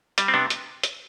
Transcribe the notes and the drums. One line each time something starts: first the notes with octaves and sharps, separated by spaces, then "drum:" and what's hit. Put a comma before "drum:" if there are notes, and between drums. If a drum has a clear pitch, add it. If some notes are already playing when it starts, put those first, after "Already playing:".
G3, drum: hi-hat
C4
C3 B3 D4
drum: hi-hat
drum: hi-hat